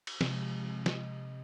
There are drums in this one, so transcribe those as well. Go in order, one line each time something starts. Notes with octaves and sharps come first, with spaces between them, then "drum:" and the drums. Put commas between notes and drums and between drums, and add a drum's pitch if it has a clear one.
drum: cymbal
C3 F3 G#3, drum: snare
D#5, drum: snare